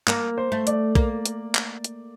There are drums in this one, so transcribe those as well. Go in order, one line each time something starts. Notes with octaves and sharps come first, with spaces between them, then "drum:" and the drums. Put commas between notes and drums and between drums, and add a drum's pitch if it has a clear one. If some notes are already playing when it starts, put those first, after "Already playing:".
A#3 A#4, drum: clap
C5
A3
D5, drum: hi-hat
A#3, drum: kick
drum: hi-hat
drum: clap
drum: hi-hat